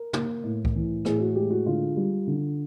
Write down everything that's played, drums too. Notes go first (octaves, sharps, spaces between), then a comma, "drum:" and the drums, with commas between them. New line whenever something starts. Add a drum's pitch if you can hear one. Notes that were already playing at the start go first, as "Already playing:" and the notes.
Already playing: A#4
A#3, drum: tom
A2
drum: kick C2
E3
A2 G#4, drum: rim click
F#4
G#3 G4
F#4
D3 F4
G3
D3